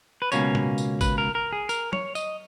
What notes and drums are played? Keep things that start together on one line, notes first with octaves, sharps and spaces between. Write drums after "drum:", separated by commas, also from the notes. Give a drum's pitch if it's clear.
B4
C#2 B2 A#3 C#4 C#5, drum: tambourine
drum: tom A2
drum: tambourine
B4, drum: kick, tambourine
A#4
A#4
G#4
A#4, drum: tambourine
C#5, drum: tom
D#5, drum: tambourine